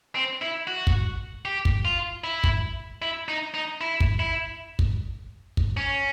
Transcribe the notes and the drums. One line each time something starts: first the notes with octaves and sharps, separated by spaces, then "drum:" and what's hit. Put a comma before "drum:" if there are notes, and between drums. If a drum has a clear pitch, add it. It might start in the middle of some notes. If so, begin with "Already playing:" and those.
C4
E4
F#4
drum: kick
G4
drum: kick
F4
E4
drum: kick
E4
D#4
D#4
E4
drum: kick
E4
drum: kick
drum: kick
C#4